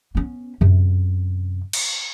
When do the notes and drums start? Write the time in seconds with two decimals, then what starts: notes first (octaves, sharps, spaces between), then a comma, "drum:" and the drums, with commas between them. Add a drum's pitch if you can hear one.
0.15 B3 C#4
0.61 F#2 C3
1.73 drum: cymbal